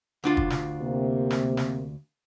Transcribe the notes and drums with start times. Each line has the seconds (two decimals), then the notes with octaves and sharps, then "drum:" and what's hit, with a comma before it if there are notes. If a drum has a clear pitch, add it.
0.24 D2 D4 F4
0.37 drum: kick
0.50 drum: snare
0.82 C3 A#3
1.30 drum: snare
1.57 drum: snare